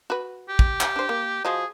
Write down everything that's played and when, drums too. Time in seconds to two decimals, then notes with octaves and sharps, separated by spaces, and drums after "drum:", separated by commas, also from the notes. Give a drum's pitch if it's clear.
0.10 F#4 B4
0.49 G4
0.59 drum: kick
0.80 drum: clap
0.96 D4 C5
1.09 A#3
1.45 F3 F#4 G#4 D#5